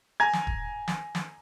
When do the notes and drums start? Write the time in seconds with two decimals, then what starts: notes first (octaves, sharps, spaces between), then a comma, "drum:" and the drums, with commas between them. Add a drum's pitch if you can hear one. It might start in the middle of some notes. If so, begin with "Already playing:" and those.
0.20 G#5 A#5 G#6
0.33 drum: snare
0.47 drum: kick D#1
0.88 drum: snare
1.15 drum: snare